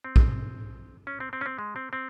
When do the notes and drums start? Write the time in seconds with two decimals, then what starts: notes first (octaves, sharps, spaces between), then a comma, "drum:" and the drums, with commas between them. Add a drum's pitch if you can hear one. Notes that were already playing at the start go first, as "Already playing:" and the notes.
0.04 C4
0.16 drum: kick A#1
1.07 C#4
1.20 C4
1.33 C4
1.41 C#4
1.46 C4
1.58 G#3
1.76 C4
1.93 C4